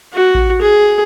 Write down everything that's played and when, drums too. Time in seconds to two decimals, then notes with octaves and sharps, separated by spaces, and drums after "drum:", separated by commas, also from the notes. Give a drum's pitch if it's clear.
0.13 F#4
0.35 drum: kick A1
0.62 G#4